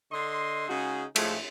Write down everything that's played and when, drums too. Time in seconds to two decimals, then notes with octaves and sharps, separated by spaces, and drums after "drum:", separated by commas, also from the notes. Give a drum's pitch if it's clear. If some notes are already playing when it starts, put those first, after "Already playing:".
0.12 D3 D#5 C6
0.68 C#3 G#3 D#4 F#4 G#4
1.16 A2 F3 G#3 A3 G#4, drum: cymbal